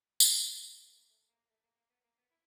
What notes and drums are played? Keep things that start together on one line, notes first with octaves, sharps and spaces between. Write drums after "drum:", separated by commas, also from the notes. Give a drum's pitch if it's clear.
B3, drum: tambourine
A#3
B3
A#3
A3
A#3
B3
A#3
A3
A#3
A3
A#3
A#3
B3
A#3
B3
E4